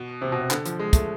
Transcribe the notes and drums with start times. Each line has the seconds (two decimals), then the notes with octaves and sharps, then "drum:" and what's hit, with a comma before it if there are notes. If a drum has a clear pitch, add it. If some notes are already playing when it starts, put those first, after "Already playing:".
Already playing: B2
0.22 C3
0.32 B2
0.41 C3
0.51 D3, drum: clap
0.66 F3, drum: hi-hat
0.79 G#3
0.93 A3, drum: kick, hi-hat